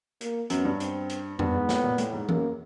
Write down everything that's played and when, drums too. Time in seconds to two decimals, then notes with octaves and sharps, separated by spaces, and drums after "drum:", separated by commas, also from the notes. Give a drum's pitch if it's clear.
0.21 A#3, drum: hi-hat
0.50 F#2 B3, drum: hi-hat
0.65 G2
0.80 C4, drum: hi-hat
1.10 drum: hi-hat
1.39 G2 B3, drum: tom F2
1.54 G#2
1.69 A2, drum: snare
1.84 A#2
1.98 A2, drum: hi-hat
2.13 G#2
2.29 F#2 A#3, drum: tom E3